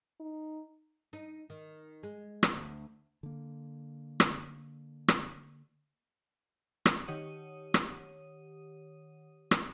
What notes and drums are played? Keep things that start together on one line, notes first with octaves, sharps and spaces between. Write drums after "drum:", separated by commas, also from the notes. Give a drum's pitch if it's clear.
D#4
D#4
D#3
G#3
drum: rim click
D2
D3 A#3
drum: rim click
drum: rim click
drum: rim click
D#3 G4 C#5 F#5 D#6 D#7
drum: rim click
drum: rim click